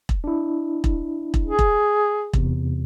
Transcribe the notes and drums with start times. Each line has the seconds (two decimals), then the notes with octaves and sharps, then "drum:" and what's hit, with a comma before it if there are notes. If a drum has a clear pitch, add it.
0.09 drum: kick E1
0.24 D4 E4
0.84 drum: kick E1
1.34 drum: kick E1
1.46 G#4
1.59 drum: kick E1
2.33 E2 C3, drum: kick E1